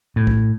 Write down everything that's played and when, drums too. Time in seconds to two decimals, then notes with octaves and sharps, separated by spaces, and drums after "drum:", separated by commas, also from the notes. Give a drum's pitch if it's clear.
0.16 A2
0.27 drum: kick